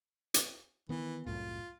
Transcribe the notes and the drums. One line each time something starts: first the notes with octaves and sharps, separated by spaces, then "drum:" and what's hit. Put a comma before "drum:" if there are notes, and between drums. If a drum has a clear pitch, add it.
drum: hi-hat
D#3 E3 B3
C2 F#2 A2 F4